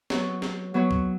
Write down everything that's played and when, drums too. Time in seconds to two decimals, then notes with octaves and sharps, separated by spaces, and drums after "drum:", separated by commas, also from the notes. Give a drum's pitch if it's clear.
0.10 F#3 B3 F#4 C#5, drum: snare
0.42 drum: snare
0.74 F#3 B3 F#4 C#5
0.91 drum: kick C2